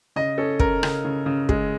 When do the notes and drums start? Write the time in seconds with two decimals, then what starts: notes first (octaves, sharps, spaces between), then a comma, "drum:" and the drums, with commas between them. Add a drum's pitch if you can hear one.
0.16 C#3 D#5
0.38 C#4 A4
0.60 C#3 A#4, drum: kick
0.83 C#3, drum: rim click
1.05 C#3
1.26 C#3
1.49 G#3, drum: kick